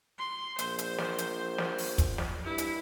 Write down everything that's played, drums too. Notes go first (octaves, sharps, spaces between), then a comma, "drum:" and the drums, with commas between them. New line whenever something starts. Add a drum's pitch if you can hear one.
C6
A#1 C5, drum: hi-hat
drum: hi-hat
drum: snare
drum: hi-hat
drum: snare
drum: open hi-hat
drum: kick, hi-hat
drum: snare
G2 E4
drum: hi-hat